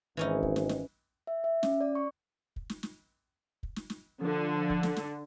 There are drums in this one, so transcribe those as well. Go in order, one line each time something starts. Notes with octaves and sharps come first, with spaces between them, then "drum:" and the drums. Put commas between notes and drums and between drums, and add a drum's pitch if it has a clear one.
G#1 E3 C#4 D#4
drum: kick
drum: snare
drum: snare
E5
E5
C#4, drum: snare
D5
C#6
drum: kick
drum: snare
drum: snare
drum: kick
drum: snare
drum: snare
D3 F3
drum: kick
drum: snare
drum: snare